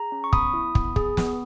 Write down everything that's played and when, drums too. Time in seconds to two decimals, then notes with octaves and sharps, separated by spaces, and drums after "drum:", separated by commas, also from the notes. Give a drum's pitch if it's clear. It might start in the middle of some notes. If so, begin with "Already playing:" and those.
Already playing: G#4 A#5
0.12 C#4
0.24 C#6
0.33 B3 B5 D#6, drum: kick
0.54 E4
0.75 B3, drum: kick
0.96 G#4, drum: kick
1.17 B3, drum: snare